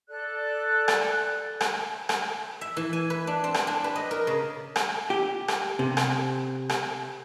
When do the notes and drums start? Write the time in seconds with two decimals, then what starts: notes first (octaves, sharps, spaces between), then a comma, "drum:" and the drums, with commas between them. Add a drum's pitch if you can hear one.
0.08 A4 D5 F#6
0.88 drum: rim click
1.61 drum: rim click
2.09 drum: rim click
2.61 E5
2.77 E3
2.93 G#5
3.10 B4
3.27 D4
3.44 C4
3.54 drum: rim click
3.67 D4
3.84 B4
3.96 D#5
4.11 A#4
4.27 C#3
4.76 drum: rim click
5.10 G4
5.48 drum: rim click
5.79 C3
5.97 drum: rim click
6.69 drum: rim click